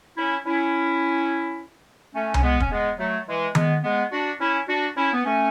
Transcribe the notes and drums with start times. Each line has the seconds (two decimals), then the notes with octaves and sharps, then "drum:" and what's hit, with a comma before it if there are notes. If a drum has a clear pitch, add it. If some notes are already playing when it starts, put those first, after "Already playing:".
0.17 C#4 E4
0.45 C#4 E4
2.14 A3 C#4
2.34 C#4, drum: tom C2
2.42 G#3 B3
2.60 C#4, drum: kick
2.71 G#3 B3
2.98 F#3 A3
3.27 E3 G#3
3.55 G#3 B3, drum: tom D#3
3.83 G#3 B3
4.12 D4 F#4
4.40 C#4 E4
4.68 D4 F#4
4.96 C#4 E4
5.13 B3
5.24 A3 C#4